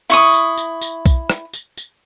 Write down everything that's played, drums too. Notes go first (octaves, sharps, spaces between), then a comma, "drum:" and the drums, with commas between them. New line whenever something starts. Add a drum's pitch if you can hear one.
E4 C#6 D#6, drum: tambourine
drum: tambourine
drum: tambourine
drum: tambourine
drum: kick B1, tambourine
drum: rim click
drum: tambourine
drum: tambourine